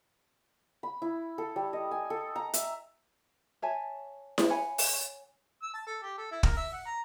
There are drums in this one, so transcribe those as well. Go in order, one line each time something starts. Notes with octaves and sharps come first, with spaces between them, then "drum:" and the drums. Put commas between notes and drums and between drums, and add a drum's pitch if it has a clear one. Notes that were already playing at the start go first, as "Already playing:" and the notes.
B5
E4
A4
G3
D#5
G#5
A4
A#5
E5, drum: hi-hat
C#5 E5 G#5 A5
drum: snare E4
C#5 F#5 G#5 B5
drum: open hi-hat
E6
A5
A4
G4
A4
E4
A#4, drum: kick
E5
F#5
A#5